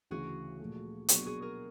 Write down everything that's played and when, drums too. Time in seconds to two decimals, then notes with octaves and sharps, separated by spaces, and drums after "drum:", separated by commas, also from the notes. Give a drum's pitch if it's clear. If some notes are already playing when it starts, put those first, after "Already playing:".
0.11 D2 C#3 E3 F#4 G#4
0.60 A#2 F3 A3
1.08 B2 F#3 A#3 D4 F#4 G#4, drum: hi-hat
1.26 F#4 G#4
1.42 G#4 A#4